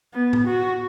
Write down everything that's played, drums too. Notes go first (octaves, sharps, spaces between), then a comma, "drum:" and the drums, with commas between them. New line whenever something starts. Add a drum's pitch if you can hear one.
B3
drum: tom A2
F#4